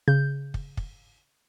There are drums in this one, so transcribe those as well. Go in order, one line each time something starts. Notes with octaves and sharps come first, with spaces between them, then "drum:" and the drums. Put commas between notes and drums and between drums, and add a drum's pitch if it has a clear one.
C#3 G6
drum: kick
drum: kick